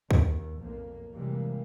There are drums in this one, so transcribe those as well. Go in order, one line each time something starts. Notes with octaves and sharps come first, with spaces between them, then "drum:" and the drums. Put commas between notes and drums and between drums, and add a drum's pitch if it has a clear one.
D#2, drum: kick D2
B1 F2 A#3
C3 E3 G3 G#3 A#3